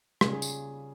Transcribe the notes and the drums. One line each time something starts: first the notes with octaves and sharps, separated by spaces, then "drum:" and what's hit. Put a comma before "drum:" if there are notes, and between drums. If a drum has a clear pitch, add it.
C#3 G3 C#4 F4 G#4, drum: rim click
G#4
drum: tambourine